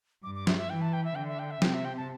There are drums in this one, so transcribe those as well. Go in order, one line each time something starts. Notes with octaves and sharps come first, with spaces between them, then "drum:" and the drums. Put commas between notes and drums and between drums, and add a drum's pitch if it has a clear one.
G2 D6
D6
E5, drum: snare
E5
E3 G5
A5
G5
E5
D3 G5
E5
G5
E5
C3 G5, drum: snare
E5
G5
A5